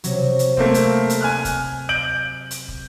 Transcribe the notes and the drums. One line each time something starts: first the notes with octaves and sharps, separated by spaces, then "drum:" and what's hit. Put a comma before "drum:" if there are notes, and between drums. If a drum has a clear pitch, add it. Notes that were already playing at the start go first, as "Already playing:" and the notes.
C3 F#3, drum: hi-hat
drum: hi-hat
A3 A#3 C4, drum: kick
drum: hi-hat
drum: hi-hat
G#5 F6 F#6
drum: kick, hi-hat
G6 D7 F#7
drum: hi-hat
drum: kick